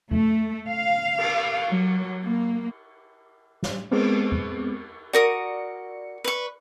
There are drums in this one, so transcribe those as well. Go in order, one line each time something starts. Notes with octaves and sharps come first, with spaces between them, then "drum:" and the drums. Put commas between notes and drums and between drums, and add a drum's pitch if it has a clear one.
A3, drum: tom E2
F5
drum: cymbal
F#3
A#3
drum: snare
G#3 B3 C4, drum: cymbal
drum: tom E2
F#4 A#4 D5 D#6 C#7
B4 C#6